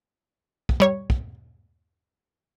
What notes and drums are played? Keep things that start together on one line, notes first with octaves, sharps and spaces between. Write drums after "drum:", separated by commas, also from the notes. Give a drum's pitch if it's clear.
drum: kick
G3 C#5
drum: kick